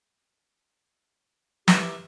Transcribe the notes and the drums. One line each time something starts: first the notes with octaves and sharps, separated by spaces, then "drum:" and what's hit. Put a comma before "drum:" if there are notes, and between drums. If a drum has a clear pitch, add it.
E3 E4 G4, drum: snare